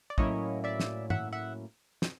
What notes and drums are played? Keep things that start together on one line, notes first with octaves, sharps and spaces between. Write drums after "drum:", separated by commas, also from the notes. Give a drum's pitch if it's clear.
D5
A2 F#3 A#3 C#4 E4 C#5 D#5, drum: kick
D5 E5
drum: snare
E5 F#5, drum: tom G2
E5 F#5
drum: snare